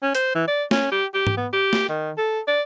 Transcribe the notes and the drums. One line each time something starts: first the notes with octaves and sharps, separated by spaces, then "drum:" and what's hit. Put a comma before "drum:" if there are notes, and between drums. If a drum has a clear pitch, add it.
C#4
C5, drum: hi-hat
E3
D5
C#4, drum: snare
G4
G4
drum: tom G#2
B3
G4
drum: snare
D#3
A4
D5